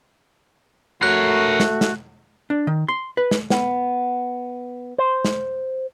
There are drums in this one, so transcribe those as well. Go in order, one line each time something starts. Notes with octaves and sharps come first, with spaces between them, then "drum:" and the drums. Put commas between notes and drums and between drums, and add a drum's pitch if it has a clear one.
A3 F#4 A#4 C#5 F#6
drum: snare
drum: snare
D4
D#3
C6
B4
drum: snare
B3, drum: snare
C5
drum: snare